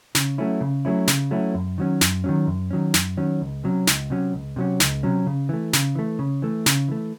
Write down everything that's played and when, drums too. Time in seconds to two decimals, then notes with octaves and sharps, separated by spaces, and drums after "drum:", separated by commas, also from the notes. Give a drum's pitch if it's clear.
0.15 C#3, drum: snare
0.38 F#3 A3 C#4 E4
0.61 C#3
0.85 F#3 A3 C#4 E4
1.08 C#3, drum: snare
1.31 F#3 A3 C#4 E4
1.54 F#2
1.78 D#3 F#3 C#4
2.01 F#2, drum: snare
2.24 D#3 F#3 C#4
2.47 F#2
2.71 D#3 F#3 C#4
2.94 F#2, drum: snare
3.17 D#3 F#3 C#4
3.41 C#2
3.64 C3 F#3 C#4
3.87 C#2, drum: snare
4.10 C3 F#3 C#4
4.33 C#2
4.56 C3 F#3 C#4
4.80 C#2, drum: snare
5.03 C3 F#3 C#4
5.27 C#3
5.49 E3 A3
5.73 C#3, drum: snare
5.95 E3 A3
6.19 C#3
6.42 E3 A3
6.66 C#3, drum: snare
6.88 E3 A3